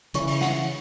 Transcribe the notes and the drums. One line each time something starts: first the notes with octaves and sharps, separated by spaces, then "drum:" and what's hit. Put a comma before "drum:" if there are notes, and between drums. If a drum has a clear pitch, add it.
C#3 E3 C#6, drum: hi-hat
drum: open hi-hat
F#5, drum: snare